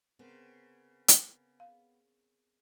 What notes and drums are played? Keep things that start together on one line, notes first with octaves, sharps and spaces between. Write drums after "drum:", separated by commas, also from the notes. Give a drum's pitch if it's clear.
C#3 B3 C4 A#4 C5
drum: hi-hat
F5